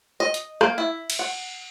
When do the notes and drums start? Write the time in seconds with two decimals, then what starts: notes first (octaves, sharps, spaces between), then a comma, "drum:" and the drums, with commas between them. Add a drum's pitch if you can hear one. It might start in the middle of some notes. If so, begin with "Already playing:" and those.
0.20 D#5
0.34 drum: hi-hat
0.61 A#3, drum: rim click
0.78 E4
1.10 drum: cymbal
1.19 F#5